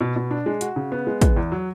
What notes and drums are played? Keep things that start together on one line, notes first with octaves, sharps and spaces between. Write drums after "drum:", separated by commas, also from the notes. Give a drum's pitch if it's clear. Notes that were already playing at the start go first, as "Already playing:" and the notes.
B2
B2
D4
G#3
F#4, drum: hi-hat
C#3
B3
G#3
B3, drum: kick, hi-hat
E2
F#3